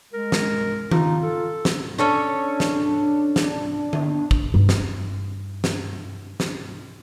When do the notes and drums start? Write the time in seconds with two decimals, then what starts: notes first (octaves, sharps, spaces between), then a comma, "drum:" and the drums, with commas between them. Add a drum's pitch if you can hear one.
0.13 G#3 A#4
0.32 drum: snare
0.91 D#4 F4, drum: tom D#3
1.23 A4
1.65 drum: snare
1.98 C#4 D4 A4 C#5
2.60 drum: snare
3.36 drum: snare
3.93 drum: tom D3
4.31 drum: kick
4.54 G2 D#4
4.69 drum: snare
5.64 drum: snare
6.40 drum: snare